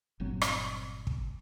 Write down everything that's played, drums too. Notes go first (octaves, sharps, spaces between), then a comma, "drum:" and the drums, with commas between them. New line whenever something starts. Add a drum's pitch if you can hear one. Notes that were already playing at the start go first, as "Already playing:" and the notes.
G1 A#2 F#3 C4
drum: rim click
drum: kick